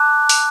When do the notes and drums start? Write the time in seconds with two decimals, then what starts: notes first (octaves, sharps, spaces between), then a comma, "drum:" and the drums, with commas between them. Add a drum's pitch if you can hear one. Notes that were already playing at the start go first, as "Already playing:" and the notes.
Already playing: A5 D6 F#6
0.29 drum: open hi-hat